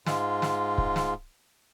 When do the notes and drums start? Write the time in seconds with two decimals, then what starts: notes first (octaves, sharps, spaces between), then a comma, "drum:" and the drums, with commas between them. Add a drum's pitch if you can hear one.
0.06 G#2 G#3 F4, drum: snare
0.42 drum: snare
0.78 drum: kick
0.96 drum: snare